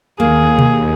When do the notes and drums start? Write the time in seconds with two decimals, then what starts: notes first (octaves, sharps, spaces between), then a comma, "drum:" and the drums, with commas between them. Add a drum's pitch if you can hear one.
0.20 D#2 A#3 G#4
0.59 drum: tom B2